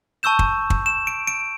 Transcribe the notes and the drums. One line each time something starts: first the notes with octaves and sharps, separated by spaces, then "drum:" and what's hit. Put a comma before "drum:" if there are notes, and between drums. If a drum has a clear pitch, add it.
A5 C#6 E6 G6 E7
drum: kick
drum: kick
E7
D7
D7